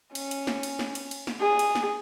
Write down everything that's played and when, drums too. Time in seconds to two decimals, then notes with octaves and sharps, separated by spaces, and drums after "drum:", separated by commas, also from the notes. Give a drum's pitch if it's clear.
0.15 C#4, drum: cymbal
0.31 drum: cymbal
0.47 drum: snare
0.63 drum: cymbal
0.79 drum: snare
0.95 drum: cymbal
1.11 drum: cymbal
1.27 drum: snare
1.40 G#4
1.59 drum: cymbal
1.75 drum: snare